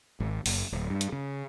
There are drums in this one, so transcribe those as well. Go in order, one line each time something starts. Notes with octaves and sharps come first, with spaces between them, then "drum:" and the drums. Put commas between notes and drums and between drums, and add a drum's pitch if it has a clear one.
G#1
F#1, drum: open hi-hat
D1
G2
drum: hi-hat
C#3